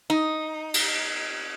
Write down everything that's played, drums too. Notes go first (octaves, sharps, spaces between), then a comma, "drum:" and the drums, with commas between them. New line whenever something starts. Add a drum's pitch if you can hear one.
D#4
drum: cymbal